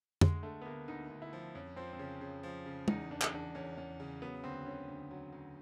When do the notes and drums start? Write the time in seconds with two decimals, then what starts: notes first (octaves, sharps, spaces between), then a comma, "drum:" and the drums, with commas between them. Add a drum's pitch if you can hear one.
0.21 D2 G#3, drum: tom
0.43 D3 A3
0.62 B3
0.66 D2 A#3
0.88 D2 D#4
1.10 D2
1.22 E4
1.33 F3
1.55 F2 C#4
1.76 F3 C4
1.93 C4
1.99 C#3 C#4
2.21 C#3
2.43 F3
2.66 C#3
2.88 E2 D#4, drum: tom
3.11 E2 D4
3.22 drum: clap
3.32 E2 D4
3.55 E2 C#4
3.77 E2 C#4
4.00 C#3
4.22 F#3 B3
4.44 D2 C4
4.66 D3 C#4
4.88 D2
5.11 F#3
5.33 D2